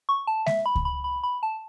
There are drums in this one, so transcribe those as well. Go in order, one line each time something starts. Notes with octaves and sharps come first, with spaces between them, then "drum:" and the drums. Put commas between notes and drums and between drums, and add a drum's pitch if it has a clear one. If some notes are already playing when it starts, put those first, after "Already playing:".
C#6
A5
E5, drum: snare G#3
B5
drum: kick C#2
B5
B5
B5
A5